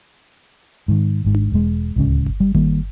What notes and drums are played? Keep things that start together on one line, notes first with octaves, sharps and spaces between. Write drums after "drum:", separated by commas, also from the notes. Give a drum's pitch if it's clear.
G#2 D#3
G#1 G#2
drum: tom D4
E1 G#3
D1 C#2 C#4
drum: kick G1
G3
D#3 G3 A#3, drum: kick G1